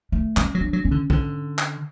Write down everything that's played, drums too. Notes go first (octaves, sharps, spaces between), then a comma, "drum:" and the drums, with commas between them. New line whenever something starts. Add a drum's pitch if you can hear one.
A3
G3 C#4, drum: clap
F#3
D4
F#3
C#4
D3
D3, drum: kick
drum: clap